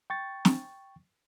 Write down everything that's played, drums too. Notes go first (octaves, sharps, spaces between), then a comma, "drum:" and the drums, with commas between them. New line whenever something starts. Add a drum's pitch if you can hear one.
G5 C#6 A6
drum: snare